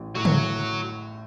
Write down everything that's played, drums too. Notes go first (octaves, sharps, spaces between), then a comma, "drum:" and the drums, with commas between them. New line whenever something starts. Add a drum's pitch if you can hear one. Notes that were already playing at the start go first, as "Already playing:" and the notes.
Already playing: A1
A2 F#3
drum: tom